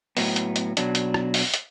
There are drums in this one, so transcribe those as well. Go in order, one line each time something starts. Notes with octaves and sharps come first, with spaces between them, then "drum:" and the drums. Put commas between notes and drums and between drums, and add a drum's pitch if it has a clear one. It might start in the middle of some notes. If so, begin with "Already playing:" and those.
A2 F#3 B3, drum: open hi-hat
drum: hi-hat
drum: hi-hat
B2 F#3 D4, drum: hi-hat
drum: hi-hat
drum: rim click
drum: open hi-hat
drum: hi-hat